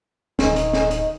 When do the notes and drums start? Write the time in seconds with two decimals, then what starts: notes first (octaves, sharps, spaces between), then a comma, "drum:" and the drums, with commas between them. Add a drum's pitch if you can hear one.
0.39 D1 D#3, drum: snare
0.56 drum: hi-hat
0.73 drum: snare
0.91 drum: hi-hat